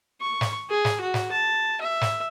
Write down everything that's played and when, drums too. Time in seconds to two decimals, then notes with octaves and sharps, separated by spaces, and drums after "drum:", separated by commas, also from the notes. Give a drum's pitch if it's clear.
0.21 C#6
0.41 drum: snare
0.70 G#4
0.85 drum: snare
1.01 F#4
1.14 drum: snare
1.32 A5
1.81 E5
2.01 drum: snare